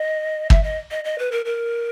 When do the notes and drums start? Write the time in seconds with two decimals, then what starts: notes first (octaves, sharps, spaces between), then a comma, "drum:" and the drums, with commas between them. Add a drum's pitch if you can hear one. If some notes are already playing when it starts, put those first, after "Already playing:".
Already playing: D#5
0.50 E5, drum: kick
0.63 D#5
0.91 D#5
1.05 D#5
1.19 B4
1.31 A#4
1.45 A#4